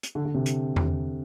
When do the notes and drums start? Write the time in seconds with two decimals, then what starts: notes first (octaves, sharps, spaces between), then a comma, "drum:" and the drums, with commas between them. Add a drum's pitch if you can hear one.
0.03 drum: hi-hat
0.15 D3
0.25 D3
0.34 C3
0.46 drum: hi-hat
0.76 drum: tom E2